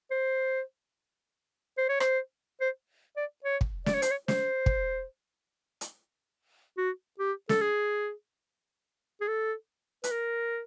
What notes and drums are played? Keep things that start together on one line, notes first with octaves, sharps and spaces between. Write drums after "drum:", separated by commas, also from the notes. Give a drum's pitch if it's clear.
C5
C5
C#5
C5, drum: rim click
C5
D5
C#5
drum: kick
D5, drum: snare
C#5
C5, drum: hi-hat
C#5
C5, drum: snare
drum: kick
drum: hi-hat
F#4
G4
A4, drum: snare
G#4
G#4
A4
B4, drum: hi-hat
A#4